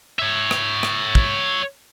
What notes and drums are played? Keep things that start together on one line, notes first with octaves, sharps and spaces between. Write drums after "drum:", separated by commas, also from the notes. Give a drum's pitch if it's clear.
C#5 E5
drum: rim click
drum: rim click
drum: kick